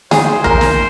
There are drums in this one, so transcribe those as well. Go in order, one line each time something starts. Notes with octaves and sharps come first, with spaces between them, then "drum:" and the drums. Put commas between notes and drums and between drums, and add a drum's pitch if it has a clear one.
G#4 C5, drum: snare
A#4, drum: kick
drum: snare